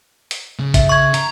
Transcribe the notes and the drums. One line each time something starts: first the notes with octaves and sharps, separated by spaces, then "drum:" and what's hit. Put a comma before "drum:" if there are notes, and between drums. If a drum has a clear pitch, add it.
drum: hi-hat
C#3
E5, drum: kick, hi-hat
C#6 G#6
A#5, drum: hi-hat